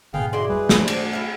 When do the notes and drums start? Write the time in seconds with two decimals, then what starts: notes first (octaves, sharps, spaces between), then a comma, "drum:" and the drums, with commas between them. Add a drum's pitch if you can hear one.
0.14 G#2 B2 D3 B3 G#4 F5 G5
0.33 G#3 E4 F#4 D5 C6
0.49 G2 G3 G#4 B4
0.69 drum: snare
0.79 A3 D4 C5 D5
0.88 drum: cymbal
1.12 E4 E5 F5